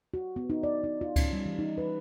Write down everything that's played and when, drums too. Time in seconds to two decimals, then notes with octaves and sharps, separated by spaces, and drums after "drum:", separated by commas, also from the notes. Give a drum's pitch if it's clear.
0.14 F#4
0.36 B3
0.50 D#4
0.63 D5
0.84 D#4
1.01 F4
1.16 C#4, drum: kick C#2, cymbal
1.33 G3
1.46 E3
1.59 D#4
1.78 B4